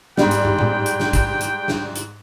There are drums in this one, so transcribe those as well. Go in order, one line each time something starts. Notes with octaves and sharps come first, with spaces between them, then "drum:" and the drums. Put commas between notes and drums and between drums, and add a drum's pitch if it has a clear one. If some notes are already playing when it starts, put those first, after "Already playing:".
G#2 G3 G5, drum: snare
drum: hi-hat
drum: tom
drum: tom A2
drum: hi-hat
drum: snare
drum: kick, hi-hat
drum: hi-hat
drum: snare
drum: hi-hat